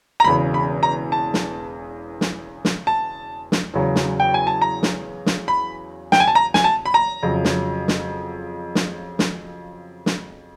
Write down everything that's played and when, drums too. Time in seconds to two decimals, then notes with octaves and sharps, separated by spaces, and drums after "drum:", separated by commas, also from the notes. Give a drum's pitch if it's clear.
0.20 A#5
0.24 E1 E2 C#3 B5
0.54 B5
0.83 A#5
1.12 A5
1.34 drum: snare
2.21 drum: snare
2.65 drum: snare
2.87 A5
3.52 drum: snare
3.74 E2 C#3 F#3
3.96 drum: snare
4.20 G5
4.34 G#5
4.47 A5
4.61 A#5
4.83 drum: snare
5.26 drum: snare
5.48 B5
6.12 G5, drum: snare
6.20 G#5
6.27 A5
6.35 A#5
6.54 G#5, drum: snare
6.64 A5
6.86 B5
6.94 A#5
7.23 F2 C#3 F#3
7.44 drum: snare
7.88 drum: snare
8.75 drum: snare
9.19 drum: snare
10.06 drum: snare